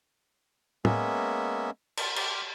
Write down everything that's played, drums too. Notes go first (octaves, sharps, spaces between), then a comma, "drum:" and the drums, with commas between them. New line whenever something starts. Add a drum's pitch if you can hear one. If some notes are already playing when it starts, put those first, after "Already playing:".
G#3 A#3 B3 C#4 E5, drum: tom
drum: cymbal
G4 F6, drum: cymbal